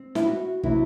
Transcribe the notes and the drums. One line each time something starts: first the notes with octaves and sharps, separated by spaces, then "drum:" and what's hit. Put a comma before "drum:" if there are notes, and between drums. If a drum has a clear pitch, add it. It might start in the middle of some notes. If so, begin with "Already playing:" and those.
Already playing: C4
E4, drum: snare
F#4
C3 F#3 E4, drum: kick